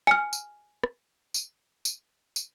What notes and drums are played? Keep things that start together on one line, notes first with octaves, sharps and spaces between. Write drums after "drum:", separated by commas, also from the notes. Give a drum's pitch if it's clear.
G#5 F6
drum: tambourine
drum: rim click
drum: tambourine
drum: tambourine
drum: tambourine